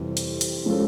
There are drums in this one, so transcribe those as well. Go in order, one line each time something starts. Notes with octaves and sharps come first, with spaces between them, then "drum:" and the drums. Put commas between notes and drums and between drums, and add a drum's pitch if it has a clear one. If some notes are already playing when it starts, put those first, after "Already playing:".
Already playing: F2 C3 E3 G3
drum: hi-hat
drum: hi-hat
F3 G#3 C#4 F4 A4